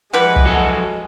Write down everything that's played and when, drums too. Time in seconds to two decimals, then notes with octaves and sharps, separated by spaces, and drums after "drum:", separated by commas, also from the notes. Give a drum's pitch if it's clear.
0.13 E3 F3 G3 G#3 B4 F#5
0.36 drum: kick
0.45 F#3 F#4 A4